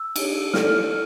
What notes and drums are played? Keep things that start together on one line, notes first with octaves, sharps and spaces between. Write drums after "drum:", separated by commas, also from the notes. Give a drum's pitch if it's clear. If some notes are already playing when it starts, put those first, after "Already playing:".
Already playing: E6
D4 G4 C#5, drum: cymbal
E4 A4 D5 F6, drum: snare